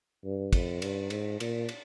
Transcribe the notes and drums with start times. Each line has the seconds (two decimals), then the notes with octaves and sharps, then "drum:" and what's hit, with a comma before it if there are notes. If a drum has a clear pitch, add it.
0.24 G2
0.53 F2, drum: kick, cymbal
0.82 G2, drum: cymbal
1.10 G#2, drum: cymbal
1.40 A#2, drum: cymbal
1.69 drum: cymbal